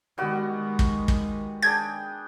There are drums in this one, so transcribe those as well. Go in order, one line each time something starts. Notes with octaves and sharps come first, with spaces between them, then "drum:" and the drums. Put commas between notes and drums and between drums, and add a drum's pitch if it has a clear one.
D#3 G3 G#3 B3 F#4
drum: kick
drum: kick
D4 G#4 G5 G#6